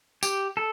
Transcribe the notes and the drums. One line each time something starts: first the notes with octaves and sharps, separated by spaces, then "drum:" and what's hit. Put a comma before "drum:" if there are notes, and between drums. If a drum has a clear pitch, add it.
G4, drum: tambourine
A4